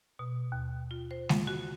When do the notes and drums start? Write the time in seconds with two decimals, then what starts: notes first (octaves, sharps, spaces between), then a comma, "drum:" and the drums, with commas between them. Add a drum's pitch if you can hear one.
0.19 B2
0.52 D#2
0.91 F4
1.11 C5
1.29 F4, drum: snare G#3
1.47 F#4